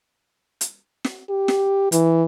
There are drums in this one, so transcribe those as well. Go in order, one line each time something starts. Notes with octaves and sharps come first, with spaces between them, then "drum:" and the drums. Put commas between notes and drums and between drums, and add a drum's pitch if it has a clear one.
drum: hi-hat
drum: snare
G4
drum: snare
E3, drum: hi-hat